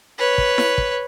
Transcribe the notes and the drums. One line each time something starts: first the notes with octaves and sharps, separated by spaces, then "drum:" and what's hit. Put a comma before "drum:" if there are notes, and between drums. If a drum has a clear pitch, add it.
B4 C#5
drum: kick
drum: snare E4
drum: kick